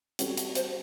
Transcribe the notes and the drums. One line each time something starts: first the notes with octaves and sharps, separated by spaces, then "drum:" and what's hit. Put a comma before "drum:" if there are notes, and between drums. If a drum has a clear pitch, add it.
G3 C4 F#4 A4, drum: hi-hat
drum: hi-hat
C5, drum: hi-hat